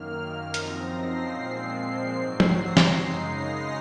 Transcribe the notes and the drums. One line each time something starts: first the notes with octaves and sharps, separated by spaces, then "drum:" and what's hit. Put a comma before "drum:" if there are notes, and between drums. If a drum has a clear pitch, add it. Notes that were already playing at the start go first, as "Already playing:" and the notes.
Already playing: F#2 D#3 A#3 F6
F#2 F3 C4 D#4 A#6, drum: hi-hat
C7
A#2 F3 G#3 C4 C7
G#2 F#3 C4
drum: tom F3
A#6
drum: snare
F#2 C#3 G#3 D#4 C7
A#6